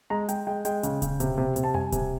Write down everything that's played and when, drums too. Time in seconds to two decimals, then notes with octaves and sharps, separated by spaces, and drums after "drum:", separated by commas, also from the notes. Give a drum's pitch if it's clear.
0.10 G#3 A#5
0.29 G#3 G5, drum: hi-hat
0.47 G#3 G5
0.65 G#3 G5, drum: hi-hat
0.83 C#3, drum: hi-hat
1.02 C#3, drum: kick D1, hi-hat
1.20 C3, drum: hi-hat
1.38 C3
1.56 C3, drum: hi-hat
1.64 A5
1.74 G3 G#5, drum: tom F2
1.92 C3, drum: kick D1, hi-hat